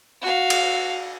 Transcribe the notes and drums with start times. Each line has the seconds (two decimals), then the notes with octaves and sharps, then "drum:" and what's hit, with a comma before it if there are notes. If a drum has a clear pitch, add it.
0.22 F#4 F5
0.50 drum: cymbal